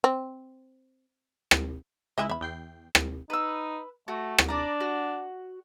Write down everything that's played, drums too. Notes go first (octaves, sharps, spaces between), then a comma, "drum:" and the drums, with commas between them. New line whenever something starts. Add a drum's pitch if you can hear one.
C4
drum: rim click
C#2 G#3 E4 D#5 E5 G#5
E2 E5 B5
E2 G5 C7
drum: rim click
D#4 B4 E6
A3 F#4
drum: rim click
D4 D5 A#5
F#4